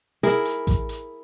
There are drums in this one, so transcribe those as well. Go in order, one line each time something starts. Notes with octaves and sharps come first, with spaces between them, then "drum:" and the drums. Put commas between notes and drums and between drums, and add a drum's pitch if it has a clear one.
E4 G#4 A#4, drum: hi-hat
drum: hi-hat
drum: kick A1, hi-hat
drum: hi-hat